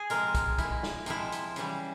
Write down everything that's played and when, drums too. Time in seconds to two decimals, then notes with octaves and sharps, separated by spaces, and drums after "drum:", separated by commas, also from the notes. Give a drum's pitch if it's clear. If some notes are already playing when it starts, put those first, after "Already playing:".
Already playing: G#4
0.10 C3 F3 G#3 A#4, drum: hi-hat
0.35 drum: kick, hi-hat
0.58 A#2 G#3 E4, drum: kick, hi-hat
0.83 drum: snare
1.06 C3 F3 G#3 E4, drum: hi-hat
1.32 drum: hi-hat
1.56 C#3 E3 G3, drum: hi-hat